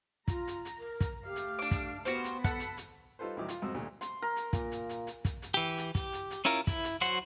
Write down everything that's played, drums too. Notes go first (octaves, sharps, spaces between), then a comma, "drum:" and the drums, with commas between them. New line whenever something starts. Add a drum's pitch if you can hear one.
F4 A#5, drum: kick, hi-hat
drum: hi-hat
drum: hi-hat
A#4
drum: kick, hi-hat
A3 G4 F5
drum: hi-hat
D4 D6
drum: kick, hi-hat
B3 F#4 G4 C5, drum: hi-hat
drum: hi-hat
A4 F#5 A5 B5, drum: kick, hi-hat
drum: hi-hat
drum: hi-hat
G3 D#4 F4 A4 B4 C5
D2 A2 D#3 F#3 E4 D6
F4, drum: hi-hat
F2 G#2 F#4 C5 C6 E6
D2 A#2 G3
C6, drum: hi-hat
A#4
drum: hi-hat
A#2, drum: kick, hi-hat
drum: hi-hat
drum: hi-hat
drum: hi-hat
drum: kick, hi-hat
drum: hi-hat
E3 G4
drum: hi-hat
G4, drum: kick, hi-hat
drum: hi-hat
drum: hi-hat
C#4 E4 F4 A#4
E4, drum: kick, hi-hat
drum: hi-hat
F#3 F#4 C5 F#5, drum: hi-hat